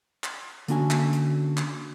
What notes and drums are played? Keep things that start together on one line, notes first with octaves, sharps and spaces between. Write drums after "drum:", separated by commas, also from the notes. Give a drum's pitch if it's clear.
drum: clap
D3 A#3 C#4 D4 F#4 G#5, drum: hi-hat
drum: clap
drum: hi-hat
drum: clap